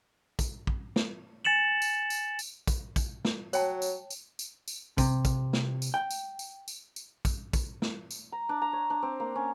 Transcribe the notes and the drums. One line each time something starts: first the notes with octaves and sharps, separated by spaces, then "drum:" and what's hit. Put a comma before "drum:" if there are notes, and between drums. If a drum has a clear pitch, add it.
drum: kick, tambourine
drum: kick
drum: snare
G#5 A6 C#7 E7 F#7
drum: tambourine
drum: tambourine
drum: tambourine
drum: kick, tambourine
drum: kick, tambourine
drum: snare
F#3 C#5 G5 A5, drum: tambourine
drum: tambourine
drum: tambourine
drum: tambourine
drum: tambourine
C3, drum: kick, tambourine
drum: kick, tambourine
drum: snare
drum: tambourine
G5
drum: tambourine
drum: tambourine
drum: tambourine
drum: tambourine
drum: kick, tambourine
drum: kick, tambourine
drum: snare
drum: tambourine
A#5
D4
A#5
C#5
D4
C4
A#3
C#4